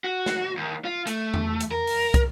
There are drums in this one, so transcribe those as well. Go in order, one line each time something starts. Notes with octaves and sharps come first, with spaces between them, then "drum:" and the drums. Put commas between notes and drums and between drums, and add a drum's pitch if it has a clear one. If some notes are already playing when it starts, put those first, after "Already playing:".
F#4
drum: snare
D#2
F4
A3, drum: hi-hat
drum: tom E2
drum: hi-hat
A#4
drum: open hi-hat
drum: kick, hi-hat